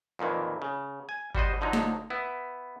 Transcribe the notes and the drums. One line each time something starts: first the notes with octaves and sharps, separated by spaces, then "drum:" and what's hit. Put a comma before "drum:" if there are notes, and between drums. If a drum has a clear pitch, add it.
F2 A#2 D#3 E3 A#3
C#3
G#5
G3 F#4 C5 D#5, drum: kick G1
D3 F3 F#3 D#4
drum: snare
B3 E4